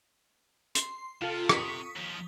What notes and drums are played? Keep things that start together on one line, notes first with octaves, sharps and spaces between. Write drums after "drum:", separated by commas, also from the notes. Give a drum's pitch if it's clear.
C6, drum: hi-hat
C3 F4 A4
C#6 D#6 B6, drum: rim click
D#2 F3